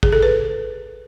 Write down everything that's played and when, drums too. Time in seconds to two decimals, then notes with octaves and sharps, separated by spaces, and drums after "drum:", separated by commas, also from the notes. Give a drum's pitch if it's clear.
0.03 G#4, drum: kick A1
0.12 A4
0.23 B4